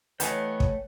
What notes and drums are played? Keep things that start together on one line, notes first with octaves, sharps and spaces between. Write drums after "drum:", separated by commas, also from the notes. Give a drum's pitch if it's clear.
E3 A3 B3 B4 C#5 D#5 G5 G#5, drum: hi-hat
drum: kick